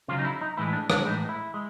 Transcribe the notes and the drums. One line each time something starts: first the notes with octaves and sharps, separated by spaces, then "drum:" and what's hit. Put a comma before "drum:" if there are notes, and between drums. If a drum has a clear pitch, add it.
C#3 F#3 F4
D#4
E4
D#4
A2 E3 G#3 E4
D4
D4, drum: rim click
A2 E3 G#3 D#4
E4
G#3